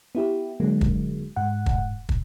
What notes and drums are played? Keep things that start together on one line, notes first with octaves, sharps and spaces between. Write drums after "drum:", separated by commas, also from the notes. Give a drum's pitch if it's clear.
B3 E4 G4
D3 F#3 G#3 A#3
drum: kick
G#2 F#5
drum: kick
drum: kick